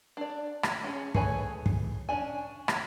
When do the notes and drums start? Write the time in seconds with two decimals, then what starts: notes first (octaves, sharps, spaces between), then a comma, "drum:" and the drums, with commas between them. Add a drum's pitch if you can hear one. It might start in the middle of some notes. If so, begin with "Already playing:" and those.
0.17 D4 D5
0.63 drum: rim click
0.84 C#4 G#4
1.14 A3 G#4 B4 C#5 G#5, drum: kick
1.66 drum: kick
2.09 C#4 D4 G#5
2.68 drum: rim click